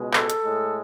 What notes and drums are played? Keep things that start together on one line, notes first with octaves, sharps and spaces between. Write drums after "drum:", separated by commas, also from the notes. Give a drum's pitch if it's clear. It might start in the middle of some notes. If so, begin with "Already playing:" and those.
Already playing: C#2 B2 G#3
A4, drum: clap
drum: hi-hat
A2 G#3